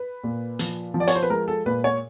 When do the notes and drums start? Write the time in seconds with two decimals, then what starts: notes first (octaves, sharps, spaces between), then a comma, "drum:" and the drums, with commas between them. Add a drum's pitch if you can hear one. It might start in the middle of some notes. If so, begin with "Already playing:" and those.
Already playing: B4
0.24 A#2
0.59 F3, drum: hi-hat
0.94 F3
1.00 D5
1.08 C#5, drum: hi-hat
1.15 C5
1.23 B4
1.30 G#3 A#4
1.48 A4
1.66 A#2 B4
1.84 C#5